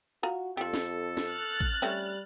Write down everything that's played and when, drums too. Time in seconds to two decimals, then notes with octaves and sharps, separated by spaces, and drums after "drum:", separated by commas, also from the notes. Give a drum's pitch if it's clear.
0.23 F4 F#4 A#5
0.57 F2 F4 G4 A4
0.74 drum: snare
1.17 drum: snare
1.28 F6 F#6 A6
1.61 drum: kick A1
1.82 G3 A3 C4 C#4